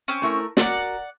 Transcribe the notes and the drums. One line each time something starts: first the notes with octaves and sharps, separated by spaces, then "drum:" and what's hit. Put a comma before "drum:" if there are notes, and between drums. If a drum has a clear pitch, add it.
C4 C#4
A3 E4 A#4
F#4 A#4 D5 F#5, drum: snare